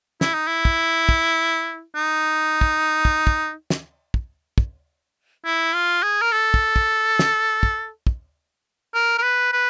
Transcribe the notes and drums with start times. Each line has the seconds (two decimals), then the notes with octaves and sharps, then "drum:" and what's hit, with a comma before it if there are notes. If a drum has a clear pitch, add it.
0.21 E4, drum: snare
0.34 D#4
0.47 E4
0.65 drum: kick
1.09 drum: kick
1.95 D#4
2.61 drum: kick
3.05 drum: kick
3.27 drum: kick
3.70 drum: snare
4.14 drum: kick
4.58 drum: kick
5.45 E4
5.75 F4
6.03 G#4
6.21 A#4
6.32 A4
6.54 drum: kick
6.76 drum: kick
7.19 drum: snare
7.63 drum: kick
8.07 drum: kick
8.94 A#4
9.18 A#4
9.22 B4
9.52 B4